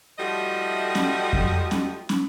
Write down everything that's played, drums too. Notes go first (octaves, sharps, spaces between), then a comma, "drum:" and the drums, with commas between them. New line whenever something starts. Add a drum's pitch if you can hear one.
F3 G3 A3 E4 F#4 D#5
drum: snare
drum: kick F2
drum: snare
drum: snare